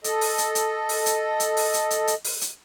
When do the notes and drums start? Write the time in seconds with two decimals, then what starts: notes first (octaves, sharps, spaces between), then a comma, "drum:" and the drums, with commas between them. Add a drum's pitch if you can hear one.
0.04 A4 D#5, drum: hi-hat
0.21 drum: open hi-hat
0.38 drum: hi-hat
0.55 drum: hi-hat
0.89 drum: open hi-hat
1.06 drum: hi-hat
1.40 drum: hi-hat
1.57 drum: open hi-hat
1.74 drum: hi-hat
1.91 drum: hi-hat
2.07 drum: hi-hat
2.24 drum: open hi-hat
2.41 drum: hi-hat